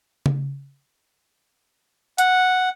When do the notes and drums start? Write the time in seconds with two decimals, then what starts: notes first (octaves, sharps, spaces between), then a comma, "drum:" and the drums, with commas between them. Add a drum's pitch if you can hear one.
0.26 drum: tom C#3
2.18 F#5, drum: hi-hat